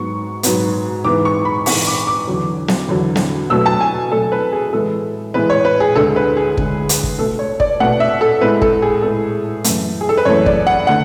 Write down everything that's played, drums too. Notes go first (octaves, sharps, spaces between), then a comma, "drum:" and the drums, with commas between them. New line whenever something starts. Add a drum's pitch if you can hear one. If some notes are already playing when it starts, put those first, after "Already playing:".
Already playing: G#2 F#3 B3 C#6
G#2 F#3 B3, drum: hi-hat
G#2 E3 B3 D6
C#6
B5
G#2 E3 B3 C#6, drum: open hi-hat
D6
D6
E2 D3 F#3
drum: snare
E2 D3 F#3
drum: snare
B2 F#3 A3 E6
A5
G#5
B2 F#3 A3 A4
B4
G#4
A2 E3 G#3 B3 A4
A2 E3 G#3 B3 B4
C#5
B4
G#4
D2 D3 G#3 A4
B4
G#4
D2 D3 G#3, drum: kick
drum: hi-hat
drum: kick
B2 A3 A4
C#5
D5, drum: kick
B2 A3 F#5
E5
A4
A2 G#3 B3 B4
A4, drum: kick
G#4
A2 G#3 B3 A4
F#2 E3 A3, drum: hi-hat
G#4
A4
B4
F#2 E3 A3 C#5
D5, drum: kick
F#5
D3 A3 F#5